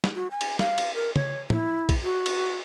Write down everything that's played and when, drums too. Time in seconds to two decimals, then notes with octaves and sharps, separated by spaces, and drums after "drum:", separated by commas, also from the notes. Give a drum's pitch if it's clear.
0.04 drum: snare
0.15 F#4
0.31 G#5
0.41 drum: cymbal
0.59 F5, drum: snare
0.78 drum: cymbal
0.95 A#4
1.16 C#5, drum: tom
1.50 E4, drum: tom
1.89 drum: kick, cymbal
2.03 F#4
2.26 drum: cymbal